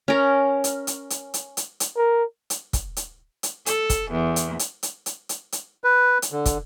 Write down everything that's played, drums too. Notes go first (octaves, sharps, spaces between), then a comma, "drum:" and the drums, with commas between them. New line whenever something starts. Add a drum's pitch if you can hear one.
C#4 A#4
drum: hi-hat
drum: hi-hat
drum: hi-hat
drum: hi-hat
drum: hi-hat
drum: hi-hat
A#4
drum: hi-hat
drum: kick, hi-hat
drum: hi-hat
drum: hi-hat
A4, drum: hi-hat
drum: kick, hi-hat
E2
drum: hi-hat
drum: hi-hat
drum: hi-hat
drum: hi-hat
drum: hi-hat
drum: hi-hat
B4
drum: hi-hat
D3
drum: kick, hi-hat